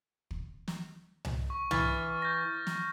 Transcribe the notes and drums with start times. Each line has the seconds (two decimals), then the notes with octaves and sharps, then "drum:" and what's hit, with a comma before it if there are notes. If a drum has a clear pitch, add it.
0.31 drum: kick
0.68 drum: snare
1.25 drum: tom C2
1.50 C#6
1.71 E3 C#6 F6 A6, drum: tom C2
2.22 G6 A#6
2.67 drum: snare